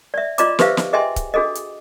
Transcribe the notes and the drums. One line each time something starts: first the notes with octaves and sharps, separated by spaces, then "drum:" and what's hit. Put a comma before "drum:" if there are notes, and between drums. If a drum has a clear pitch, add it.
D5 E5
F4 D5 D#5 A#5 C6 D6, drum: hi-hat
G4 B4 C5 E5 F5, drum: snare
drum: snare
G#4 D#5 E5 G5 G#5 C6
drum: kick C#1, hi-hat
D4 F#4 G#4 A4 D#5
drum: hi-hat